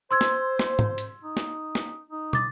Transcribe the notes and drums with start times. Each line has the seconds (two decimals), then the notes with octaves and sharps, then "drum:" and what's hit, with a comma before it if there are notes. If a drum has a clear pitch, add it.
0.11 C5 C6 E6 G#6
0.21 drum: snare
0.59 drum: snare
0.79 drum: tom
0.98 drum: hi-hat
1.24 D#4
1.37 drum: snare
1.75 drum: snare
2.10 D#4
2.33 D6 A6, drum: tom